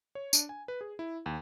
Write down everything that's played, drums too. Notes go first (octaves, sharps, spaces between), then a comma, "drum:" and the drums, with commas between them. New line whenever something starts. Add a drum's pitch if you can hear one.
C#5
D4, drum: tambourine
G#5
B4
G#4
E4
D#2